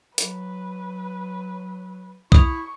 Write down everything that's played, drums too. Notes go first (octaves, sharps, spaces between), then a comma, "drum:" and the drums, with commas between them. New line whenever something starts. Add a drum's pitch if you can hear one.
F#3 B4, drum: hi-hat
E4 C#6 D#6 F7, drum: kick B1